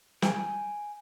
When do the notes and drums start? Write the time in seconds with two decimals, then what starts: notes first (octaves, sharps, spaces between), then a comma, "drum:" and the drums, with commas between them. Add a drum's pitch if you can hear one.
0.22 G5 G#5, drum: snare